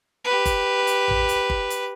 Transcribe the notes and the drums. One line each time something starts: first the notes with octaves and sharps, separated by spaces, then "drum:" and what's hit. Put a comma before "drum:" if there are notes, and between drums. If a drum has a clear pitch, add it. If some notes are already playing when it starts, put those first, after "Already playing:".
G4 B4
drum: kick G1, hi-hat
drum: hi-hat
drum: tom A1
drum: hi-hat
drum: kick G1
drum: hi-hat